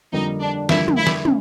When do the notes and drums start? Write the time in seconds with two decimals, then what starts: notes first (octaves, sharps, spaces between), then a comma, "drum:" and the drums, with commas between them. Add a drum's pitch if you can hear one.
0.12 F2 D3 G3 A#3 D#4
0.40 D4
0.69 F2 D3 G3 A#3 E4, drum: snare
0.88 drum: tom
0.98 E4
1.07 drum: snare
1.25 C#4, drum: tom